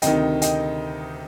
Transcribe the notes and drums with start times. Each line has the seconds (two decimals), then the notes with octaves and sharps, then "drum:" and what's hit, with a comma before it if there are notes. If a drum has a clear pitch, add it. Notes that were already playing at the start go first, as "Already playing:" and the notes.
0.02 D2 C3 D#3 D#5 G5, drum: hi-hat
0.42 D#5 G5, drum: hi-hat